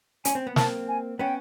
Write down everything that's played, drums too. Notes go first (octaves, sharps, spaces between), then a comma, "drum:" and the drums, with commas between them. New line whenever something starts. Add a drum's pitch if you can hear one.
C#4 G#5, drum: hi-hat
C4
B3
A#3 C4 A5, drum: snare
G#5
B3 C#4 G5